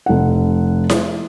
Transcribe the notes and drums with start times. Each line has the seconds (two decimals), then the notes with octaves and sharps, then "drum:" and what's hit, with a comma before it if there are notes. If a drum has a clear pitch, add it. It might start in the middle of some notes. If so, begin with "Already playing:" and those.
0.06 F1 F#5
0.90 drum: snare E4